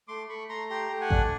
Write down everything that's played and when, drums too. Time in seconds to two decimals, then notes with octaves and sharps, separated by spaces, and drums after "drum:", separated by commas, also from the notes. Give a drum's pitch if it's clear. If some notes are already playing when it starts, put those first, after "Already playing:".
0.08 A3 C6 D6
0.28 A3 B5 C#6
0.49 A3 A#5 C6
0.70 G4 A#5 C6
0.91 A3
1.01 F#5 G#5
1.10 D4, drum: kick A1